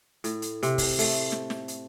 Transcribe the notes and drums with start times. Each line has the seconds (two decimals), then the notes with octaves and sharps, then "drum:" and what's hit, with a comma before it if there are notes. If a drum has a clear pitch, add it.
0.24 A2, drum: hi-hat
0.42 drum: hi-hat
0.63 C3, drum: hi-hat
0.78 drum: kick, open hi-hat
0.99 A3, drum: open hi-hat
1.32 drum: snare
1.50 drum: snare
1.68 drum: hi-hat